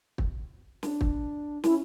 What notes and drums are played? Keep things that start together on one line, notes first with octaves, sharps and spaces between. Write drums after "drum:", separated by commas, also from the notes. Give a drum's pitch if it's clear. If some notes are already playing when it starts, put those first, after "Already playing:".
drum: kick
D4, drum: snare
drum: kick
C#4 E4, drum: snare